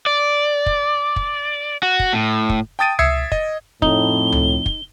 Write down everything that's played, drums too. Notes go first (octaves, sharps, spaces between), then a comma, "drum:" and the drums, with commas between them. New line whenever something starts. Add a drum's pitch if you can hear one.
D5
drum: kick
drum: kick
F#4
drum: kick
A2
drum: kick
G5 A5 D#6 A6 D7 D#7
E5 D#6 E6 G#6 C7 C#7, drum: tom C#2
D#5, drum: kick
F2 A2 D#4 G7, drum: kick
drum: tom C#2
drum: kick